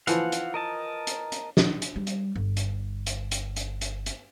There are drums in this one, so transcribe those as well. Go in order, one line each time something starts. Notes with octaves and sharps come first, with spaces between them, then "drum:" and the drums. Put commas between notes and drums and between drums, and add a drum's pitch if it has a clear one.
E3 F3 F5 F#5, drum: hi-hat
drum: hi-hat
A#4 D#5 A5
drum: hi-hat
drum: hi-hat
drum: snare
drum: hi-hat
G3
drum: hi-hat
G1
drum: hi-hat
drum: hi-hat
drum: hi-hat
drum: hi-hat
drum: hi-hat
drum: hi-hat